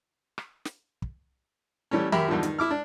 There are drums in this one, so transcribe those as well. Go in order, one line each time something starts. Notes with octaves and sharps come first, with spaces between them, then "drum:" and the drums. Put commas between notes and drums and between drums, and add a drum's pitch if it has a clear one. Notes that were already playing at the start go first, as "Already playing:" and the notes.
drum: rim click
drum: snare
drum: kick
E3 G3 A3 C#4
F#2 G4 A#4 E5 B5, drum: tom D#3
E2 G2 D#3 F3
D#3, drum: hi-hat
E4 D6 F6
D4